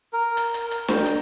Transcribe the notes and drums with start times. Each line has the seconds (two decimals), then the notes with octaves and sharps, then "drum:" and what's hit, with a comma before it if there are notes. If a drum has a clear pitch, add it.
0.13 A#4
0.37 drum: hi-hat
0.54 drum: hi-hat
0.71 drum: hi-hat
0.88 G5 A#5, drum: snare D4
1.06 drum: hi-hat